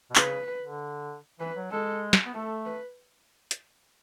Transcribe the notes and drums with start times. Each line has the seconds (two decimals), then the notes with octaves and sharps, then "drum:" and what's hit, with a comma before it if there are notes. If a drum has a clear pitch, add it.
0.10 B2
0.16 C#3 B4, drum: clap
0.62 D3
1.40 E3 B4
1.56 F#3
1.71 G#3 A4
2.13 drum: snare
2.26 B3
2.34 A3 A4
2.65 B4
3.51 drum: hi-hat